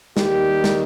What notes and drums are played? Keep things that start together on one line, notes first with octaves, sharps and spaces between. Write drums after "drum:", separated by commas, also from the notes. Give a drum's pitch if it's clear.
D#2 D#3 G3 G4, drum: snare
drum: snare